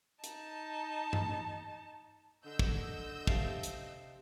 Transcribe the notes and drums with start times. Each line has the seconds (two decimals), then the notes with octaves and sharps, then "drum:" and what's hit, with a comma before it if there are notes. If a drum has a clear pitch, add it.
0.24 D#4 A5, drum: hi-hat
1.13 drum: tom G2
2.46 D3 D#5 E6 G6
2.59 drum: kick
3.27 C3 F5 A5, drum: kick
3.63 drum: hi-hat